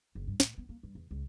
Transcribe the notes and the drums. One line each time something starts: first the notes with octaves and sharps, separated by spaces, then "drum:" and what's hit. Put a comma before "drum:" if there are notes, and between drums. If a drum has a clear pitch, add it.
F#1
G2
A2, drum: snare
B3
A#3
G2
E2
C#2